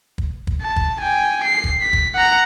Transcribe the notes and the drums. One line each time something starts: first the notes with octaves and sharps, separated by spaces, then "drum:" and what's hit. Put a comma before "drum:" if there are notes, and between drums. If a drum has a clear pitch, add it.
drum: kick
drum: kick
A5
drum: kick
G5 G#5
C7
drum: kick
B6
drum: kick
F#5 A#5